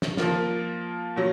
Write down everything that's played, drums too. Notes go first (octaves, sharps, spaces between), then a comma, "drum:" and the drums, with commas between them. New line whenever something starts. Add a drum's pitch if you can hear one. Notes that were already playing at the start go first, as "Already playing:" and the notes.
drum: snare
F3 A#3 F4, drum: snare
A#2 F#3